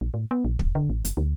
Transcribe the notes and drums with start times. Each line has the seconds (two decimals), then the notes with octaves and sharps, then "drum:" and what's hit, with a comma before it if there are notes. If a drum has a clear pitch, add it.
0.01 A#1
0.14 A2
0.31 B3
0.45 A#1
0.59 D#1, drum: kick
0.75 D3
0.90 A1
1.05 F#1, drum: hi-hat
1.17 D2